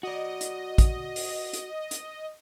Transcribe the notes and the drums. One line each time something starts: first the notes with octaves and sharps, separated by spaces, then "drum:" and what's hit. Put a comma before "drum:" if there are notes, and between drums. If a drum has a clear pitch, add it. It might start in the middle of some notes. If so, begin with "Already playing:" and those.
F#4 D5 D#5
drum: hi-hat
drum: kick, hi-hat
drum: open hi-hat
drum: hi-hat
drum: hi-hat